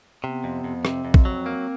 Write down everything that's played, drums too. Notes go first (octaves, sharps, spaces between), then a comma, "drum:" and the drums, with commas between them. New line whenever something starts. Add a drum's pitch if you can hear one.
C3 B3
F2
F2
C3 C4, drum: rim click
F2
drum: kick
F#3
A#3